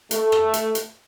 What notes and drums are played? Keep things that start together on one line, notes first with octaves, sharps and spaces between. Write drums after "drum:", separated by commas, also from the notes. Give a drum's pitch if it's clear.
A3, drum: hi-hat
drum: rim click
drum: hi-hat
drum: hi-hat